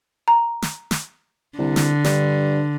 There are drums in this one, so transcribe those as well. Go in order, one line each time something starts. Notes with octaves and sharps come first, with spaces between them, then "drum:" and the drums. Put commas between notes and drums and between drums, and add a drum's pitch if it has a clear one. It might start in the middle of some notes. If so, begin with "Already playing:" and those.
A#5
drum: snare
drum: snare
C2 D3
drum: snare
G2, drum: snare